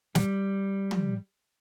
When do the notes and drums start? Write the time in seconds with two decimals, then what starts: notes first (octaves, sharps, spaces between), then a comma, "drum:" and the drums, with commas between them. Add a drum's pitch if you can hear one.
0.15 G3, drum: snare
0.91 drum: tom